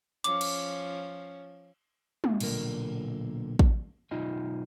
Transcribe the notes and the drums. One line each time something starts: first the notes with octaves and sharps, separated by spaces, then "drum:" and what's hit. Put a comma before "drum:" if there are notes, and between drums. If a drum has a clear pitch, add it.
F3 C#4 D6, drum: hi-hat
drum: cymbal
drum: tom
B1 A#2 D3 A#4, drum: cymbal
drum: kick
B1 D#4 F4 D#5 G#5 C6